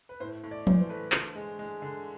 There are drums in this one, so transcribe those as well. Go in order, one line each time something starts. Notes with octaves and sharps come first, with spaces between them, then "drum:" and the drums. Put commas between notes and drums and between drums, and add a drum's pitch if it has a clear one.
B4
A2 C5
A2
D5
E3 C5, drum: tom F3
C5
A3 B4
D3 C5, drum: clap
G#3
G#3
D3